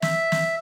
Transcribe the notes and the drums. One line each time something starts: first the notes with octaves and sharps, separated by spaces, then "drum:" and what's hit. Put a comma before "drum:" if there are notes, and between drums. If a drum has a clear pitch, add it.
E5, drum: snare
drum: snare